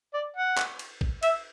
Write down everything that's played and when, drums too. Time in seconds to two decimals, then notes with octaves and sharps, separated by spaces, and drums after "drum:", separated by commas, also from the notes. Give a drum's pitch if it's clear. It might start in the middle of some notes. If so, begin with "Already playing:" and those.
0.14 D5
0.36 F#5
0.58 drum: clap
0.79 drum: cymbal
1.01 drum: kick A1
1.23 E5, drum: cymbal